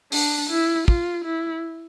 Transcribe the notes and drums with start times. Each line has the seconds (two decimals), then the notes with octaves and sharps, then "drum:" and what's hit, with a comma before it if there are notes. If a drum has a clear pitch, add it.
0.12 D4, drum: open hi-hat
0.50 E4
0.88 F4, drum: kick
1.25 E4